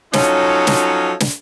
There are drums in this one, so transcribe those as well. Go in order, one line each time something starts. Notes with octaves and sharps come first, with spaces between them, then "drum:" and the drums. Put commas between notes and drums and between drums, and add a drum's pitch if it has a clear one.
F3 F#3 C#4 D#4 F4 A4, drum: snare
drum: snare
drum: snare